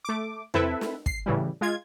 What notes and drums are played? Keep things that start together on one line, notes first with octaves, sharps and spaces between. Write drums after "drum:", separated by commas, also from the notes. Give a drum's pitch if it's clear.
A3 D6
C4 E4 A4 B4 E5, drum: tom E2
drum: snare
C7, drum: kick
A2 C#3 E3 G3
G#3 F4 G#6